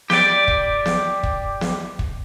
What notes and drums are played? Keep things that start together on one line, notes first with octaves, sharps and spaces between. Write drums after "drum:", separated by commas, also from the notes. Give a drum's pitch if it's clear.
G4 D5, drum: snare
drum: kick
drum: snare
drum: kick
drum: snare
drum: kick